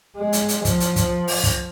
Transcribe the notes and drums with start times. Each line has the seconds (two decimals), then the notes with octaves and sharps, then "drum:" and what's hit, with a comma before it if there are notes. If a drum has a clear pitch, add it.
0.17 G#3
0.33 drum: hi-hat
0.48 drum: hi-hat
0.65 F3, drum: kick, hi-hat
0.80 drum: hi-hat
0.96 drum: kick, hi-hat
1.28 drum: open hi-hat
1.43 drum: kick, hi-hat